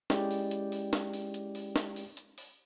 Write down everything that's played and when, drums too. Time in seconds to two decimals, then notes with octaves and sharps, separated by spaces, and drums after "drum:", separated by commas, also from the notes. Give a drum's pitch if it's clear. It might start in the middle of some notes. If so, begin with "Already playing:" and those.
0.10 G#3 C#4 E4 G4 D5 G5, drum: snare
0.31 drum: open hi-hat
0.51 drum: hi-hat
0.72 drum: open hi-hat
0.93 drum: snare
1.13 drum: open hi-hat
1.34 drum: hi-hat
1.55 drum: open hi-hat
1.76 drum: snare
1.96 drum: open hi-hat
2.17 drum: hi-hat
2.38 drum: open hi-hat